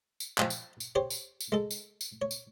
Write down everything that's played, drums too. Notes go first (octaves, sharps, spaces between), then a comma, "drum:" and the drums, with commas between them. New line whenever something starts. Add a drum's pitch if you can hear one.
drum: tambourine
F3 F4 D#5 G5, drum: clap
drum: tambourine
drum: tambourine
G4 C5 C#5
drum: tambourine
drum: tambourine
G#3 A4
drum: tambourine
drum: tambourine
C#5
drum: tambourine